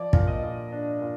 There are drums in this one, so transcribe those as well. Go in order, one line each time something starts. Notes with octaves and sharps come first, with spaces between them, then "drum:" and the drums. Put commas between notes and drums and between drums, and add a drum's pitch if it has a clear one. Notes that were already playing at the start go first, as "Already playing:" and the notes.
Already playing: F3 D5
A#2, drum: kick
D#5
A#2
D4
A#2